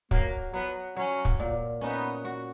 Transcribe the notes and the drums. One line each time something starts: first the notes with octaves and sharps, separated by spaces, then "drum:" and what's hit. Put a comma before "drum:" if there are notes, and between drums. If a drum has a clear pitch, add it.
F#3 A#3, drum: kick
F#3 B3
F#3 C#4
drum: kick
A#2
B3 C#4 D#4
F#4